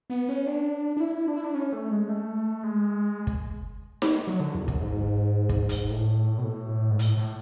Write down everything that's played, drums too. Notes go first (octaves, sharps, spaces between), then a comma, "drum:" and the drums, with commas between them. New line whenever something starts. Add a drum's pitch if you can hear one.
B3
C#4
D4
D4
E4
D4
E4
D4
C#4
A3
G#3
A3
G#3
drum: kick
drum: snare D#4
F#3
D3
E2
F#2, drum: kick
G#2
drum: kick
drum: hi-hat
A2
B2
A2
G#2
A2, drum: hi-hat
A2